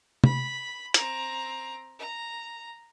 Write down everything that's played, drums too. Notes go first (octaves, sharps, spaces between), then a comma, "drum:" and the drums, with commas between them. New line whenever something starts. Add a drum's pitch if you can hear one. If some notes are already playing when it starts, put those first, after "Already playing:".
B5, drum: tom
C4 A#5, drum: hi-hat
A#5